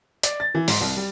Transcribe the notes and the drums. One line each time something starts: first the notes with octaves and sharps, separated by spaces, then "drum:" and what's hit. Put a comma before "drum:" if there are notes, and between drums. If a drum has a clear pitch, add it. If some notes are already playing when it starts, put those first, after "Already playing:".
D5, drum: hi-hat
A6
E3
G#2, drum: open hi-hat
C2
G3